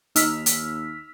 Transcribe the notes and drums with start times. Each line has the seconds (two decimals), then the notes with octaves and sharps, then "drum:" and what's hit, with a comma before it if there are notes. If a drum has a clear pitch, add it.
0.16 D#2 D#4 E6 F6 B6, drum: hi-hat
0.46 drum: hi-hat